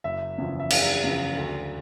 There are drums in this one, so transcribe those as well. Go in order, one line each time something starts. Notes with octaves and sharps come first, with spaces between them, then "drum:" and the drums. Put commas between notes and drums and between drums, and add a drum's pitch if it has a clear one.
F#1 E5
E2 C#3 F3
E5
F#1 F5, drum: cymbal
E2 C#3 F3
D2